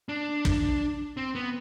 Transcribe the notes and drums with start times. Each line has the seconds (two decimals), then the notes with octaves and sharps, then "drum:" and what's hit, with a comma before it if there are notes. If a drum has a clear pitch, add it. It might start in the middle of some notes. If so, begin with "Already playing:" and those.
0.09 D4
0.45 drum: kick
1.17 C4
1.35 B3